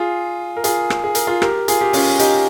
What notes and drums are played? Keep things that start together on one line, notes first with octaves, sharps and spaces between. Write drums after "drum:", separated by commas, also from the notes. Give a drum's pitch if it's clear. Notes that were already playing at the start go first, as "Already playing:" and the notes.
Already playing: F4 G#4
A#4
F4 G#4, drum: hi-hat
drum: rim click
G#4
A#4, drum: hi-hat
F4 G#4
G4 A#4, drum: rim click
F4 G#4, drum: hi-hat
G4
C#4 F4, drum: open hi-hat
D#4 G4, drum: hi-hat